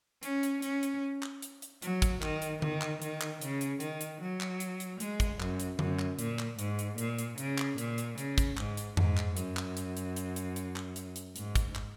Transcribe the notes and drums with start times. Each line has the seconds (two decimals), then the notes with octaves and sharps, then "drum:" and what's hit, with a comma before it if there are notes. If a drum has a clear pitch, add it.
0.23 C#4, drum: hi-hat
0.43 drum: hi-hat
0.62 C#4, drum: hi-hat
0.83 drum: hi-hat
1.23 drum: clap
1.42 drum: hi-hat
1.62 drum: hi-hat
1.82 F#3, drum: hi-hat
2.02 drum: kick, hi-hat
2.22 D#3, drum: clap
2.42 drum: hi-hat
2.62 D#3, drum: tom D3
2.81 drum: clap
3.02 D#3, drum: hi-hat
3.21 drum: clap
3.41 C#3, drum: hi-hat
3.61 drum: hi-hat
3.80 D#3, drum: hi-hat
4.01 drum: hi-hat
4.21 F#3
4.40 drum: clap
4.60 drum: hi-hat
4.80 drum: hi-hat
5.00 G#3, drum: hi-hat
5.20 drum: kick, hi-hat
5.40 F#2, drum: clap
5.60 drum: hi-hat
5.79 F#2, drum: tom D3
5.99 drum: clap
6.19 A#2, drum: hi-hat
6.39 drum: clap
6.59 G#2, drum: hi-hat
6.79 drum: hi-hat
6.98 A#2, drum: hi-hat
7.19 drum: hi-hat
7.38 C#3, drum: hi-hat
7.58 drum: clap
7.78 A#2, drum: hi-hat
7.98 drum: hi-hat
8.18 C#3, drum: hi-hat
8.38 drum: kick, hi-hat
8.57 G#2, drum: clap
8.77 drum: hi-hat
8.97 G#2, drum: tom F2
9.17 drum: clap
9.37 F#2, drum: hi-hat
9.57 drum: clap
9.77 drum: hi-hat
9.97 drum: hi-hat
10.16 drum: hi-hat
10.36 drum: hi-hat
10.56 drum: hi-hat
10.76 drum: clap
10.96 drum: hi-hat
11.16 drum: hi-hat
11.36 G#2, drum: hi-hat
11.56 drum: kick, hi-hat
11.75 drum: clap